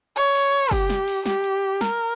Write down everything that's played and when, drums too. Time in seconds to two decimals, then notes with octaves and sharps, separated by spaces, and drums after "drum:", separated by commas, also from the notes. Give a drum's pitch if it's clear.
0.17 C#5
0.35 drum: open hi-hat
0.71 G4, drum: kick F#1, open hi-hat
0.90 drum: snare
1.08 drum: open hi-hat
1.26 G4, drum: snare
1.44 drum: hi-hat
1.81 A#4, drum: snare